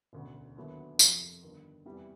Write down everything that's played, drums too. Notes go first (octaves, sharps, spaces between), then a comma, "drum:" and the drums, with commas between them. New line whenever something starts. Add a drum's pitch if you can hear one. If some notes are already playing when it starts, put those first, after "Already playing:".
E1 D2 C#3
D#2 D3 F#3 B3 E4
F2 C3 F3, drum: tambourine
G1 G2 D#3
E2 C3 E3 G3